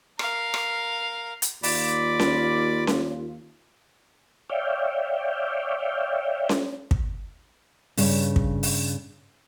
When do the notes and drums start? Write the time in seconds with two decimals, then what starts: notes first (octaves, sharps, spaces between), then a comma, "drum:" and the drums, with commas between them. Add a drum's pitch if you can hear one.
0.19 A#4 F5, drum: rim click
0.54 drum: rim click
1.42 drum: hi-hat
1.63 D#2 F4 D5 B5 D6, drum: open hi-hat
2.20 drum: snare C#4
2.87 drum: snare C#4
4.50 C#5 D5 E5 F5 G5
6.49 drum: snare C#4
6.91 drum: kick
7.97 G2 C#3, drum: open hi-hat
8.36 drum: kick
8.63 drum: open hi-hat